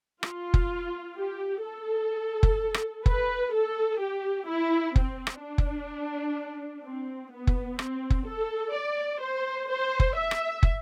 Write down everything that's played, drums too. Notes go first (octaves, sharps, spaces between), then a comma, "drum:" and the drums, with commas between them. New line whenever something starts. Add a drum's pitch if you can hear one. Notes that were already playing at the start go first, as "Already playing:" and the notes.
F4, drum: rim click
drum: kick
G4
A4
drum: kick
drum: rim click
B4, drum: kick
A4
G4
E4
C4, drum: kick
drum: rim click
D4
drum: kick
C4
B3
drum: kick
C4, drum: rim click
drum: kick
A4
D5
C5
C5
drum: kick
E5
drum: rim click
drum: kick